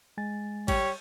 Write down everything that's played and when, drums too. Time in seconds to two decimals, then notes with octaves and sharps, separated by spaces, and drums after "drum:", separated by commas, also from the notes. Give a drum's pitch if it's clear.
0.18 G#3 G#5 A6
0.68 G3 C#5, drum: kick, cymbal